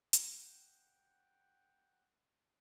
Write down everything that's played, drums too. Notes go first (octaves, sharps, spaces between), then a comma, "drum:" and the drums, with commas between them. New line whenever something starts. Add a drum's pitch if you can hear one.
F#5 G5, drum: hi-hat